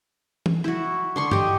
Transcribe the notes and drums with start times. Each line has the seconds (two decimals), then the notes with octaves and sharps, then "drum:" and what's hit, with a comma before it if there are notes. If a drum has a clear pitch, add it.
0.46 drum: tom
0.64 E4 F#4, drum: rim click
1.16 D3 C6 C#6
1.31 G4 D#5, drum: tom G2